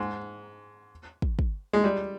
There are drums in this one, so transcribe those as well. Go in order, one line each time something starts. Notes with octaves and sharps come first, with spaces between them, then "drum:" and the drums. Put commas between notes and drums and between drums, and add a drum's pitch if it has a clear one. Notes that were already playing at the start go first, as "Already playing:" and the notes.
Already playing: G#2
drum: kick
drum: kick
G#3
G3